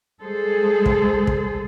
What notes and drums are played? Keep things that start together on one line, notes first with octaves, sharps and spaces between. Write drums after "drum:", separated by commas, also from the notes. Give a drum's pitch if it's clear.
G3 G#3 G#4 A4 C5
drum: kick
drum: kick